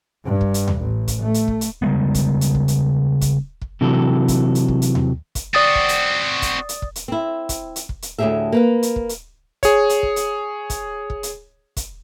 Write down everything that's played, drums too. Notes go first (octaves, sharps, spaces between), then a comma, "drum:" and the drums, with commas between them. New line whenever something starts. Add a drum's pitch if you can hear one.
G2
drum: kick
drum: hi-hat
drum: tom D#2
A1
drum: kick, hi-hat
A3
drum: hi-hat
drum: kick
drum: hi-hat
C#3 G3 G#3 B3
drum: kick, hi-hat
drum: hi-hat
drum: kick
drum: hi-hat
drum: kick, hi-hat
drum: kick
C3 E3 F#3 A4
drum: kick, hi-hat
drum: hi-hat
drum: kick
drum: hi-hat
drum: tom D#2
drum: kick, hi-hat
C4 F#4 D5 D#6 A6
drum: kick
drum: hi-hat
drum: kick, hi-hat
drum: hi-hat
drum: kick
drum: hi-hat
C4 E4
drum: kick, hi-hat
drum: hi-hat
drum: kick
drum: hi-hat
D2 A2 F3 G4 G#4 E5
A#3 B4 F5
drum: hi-hat
drum: kick
drum: hi-hat
G#4 C#5, drum: kick, hi-hat
drum: hi-hat
drum: kick
drum: hi-hat
drum: kick, hi-hat
drum: kick
drum: hi-hat
drum: kick, hi-hat